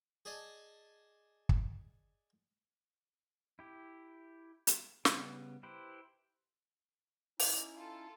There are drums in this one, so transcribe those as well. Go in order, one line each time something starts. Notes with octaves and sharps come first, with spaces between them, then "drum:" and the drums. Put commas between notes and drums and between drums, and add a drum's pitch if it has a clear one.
G#4 D5 D#5 G#5 A5
drum: kick
E4 G4
drum: hi-hat
C#3 G3 B3, drum: snare
E4 G4 B4 C5
C#4 D#4 E4, drum: open hi-hat
F4 A4